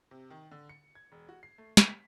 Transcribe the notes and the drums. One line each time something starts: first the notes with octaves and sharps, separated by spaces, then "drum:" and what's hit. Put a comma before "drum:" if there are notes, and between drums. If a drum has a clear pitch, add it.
C3
D#3
D3
C#7
G#6
E1
F#4
C7
A3
G5, drum: snare
B6